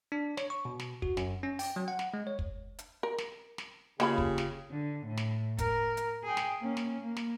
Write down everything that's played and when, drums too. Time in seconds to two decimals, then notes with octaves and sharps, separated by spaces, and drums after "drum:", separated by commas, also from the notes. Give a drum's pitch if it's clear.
0.12 D4
0.37 C#5, drum: snare
0.50 C#6
0.65 B2
0.79 drum: snare
1.02 F#4, drum: kick
1.17 F#2, drum: snare
1.43 C#4
1.59 G5, drum: open hi-hat
1.76 F#3
1.88 F#5
1.99 drum: snare
2.14 G#3
2.27 C#5
2.39 drum: kick
2.79 drum: hi-hat
3.03 A#4
3.18 drum: snare
3.58 drum: snare
4.00 C#3 A#3 F4 G4 G5 B5, drum: snare
4.18 drum: kick
4.38 drum: snare
4.71 D3
5.06 A2
5.17 drum: snare
5.58 A#4, drum: kick, hi-hat
5.97 drum: hi-hat
6.24 G#4 G5
6.37 drum: snare
6.60 A#3 C#4
6.77 drum: snare
7.01 A#3
7.16 drum: snare